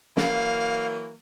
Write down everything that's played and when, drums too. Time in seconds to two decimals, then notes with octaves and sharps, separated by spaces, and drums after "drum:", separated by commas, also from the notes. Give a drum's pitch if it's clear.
0.17 E3 F#3 A#3 F5, drum: snare